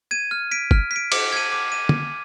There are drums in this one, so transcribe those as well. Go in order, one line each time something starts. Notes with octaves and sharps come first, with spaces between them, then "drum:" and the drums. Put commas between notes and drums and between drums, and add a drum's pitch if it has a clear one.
G#6 D#7
F6
B6 D7
F6, drum: kick
B6
D7
D6, drum: cymbal
G#6 D#7
D6
D#7
drum: tom D3